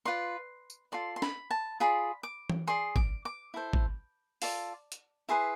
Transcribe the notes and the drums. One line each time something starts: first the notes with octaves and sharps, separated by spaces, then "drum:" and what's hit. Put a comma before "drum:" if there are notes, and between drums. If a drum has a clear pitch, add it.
F4 B4 D5 C6
drum: tambourine
F4 A4 D5 C6
C6
B5, drum: snare
A5
F4 G#4 D5 B5
D6
drum: tom E3
G#4 D5 C6
D6, drum: kick
D6
E4 A4 C5
drum: kick
F4 A4 D5, drum: open hi-hat
drum: hi-hat
E4 G#4 B4 C6